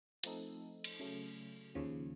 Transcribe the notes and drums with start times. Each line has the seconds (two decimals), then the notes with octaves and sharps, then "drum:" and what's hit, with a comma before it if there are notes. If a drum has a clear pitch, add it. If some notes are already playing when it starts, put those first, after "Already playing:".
0.24 F3 A3 C4 D#4 A4, drum: hi-hat
0.84 drum: cymbal
0.99 C#3 F#3 A3
1.75 D#2 C#3 F3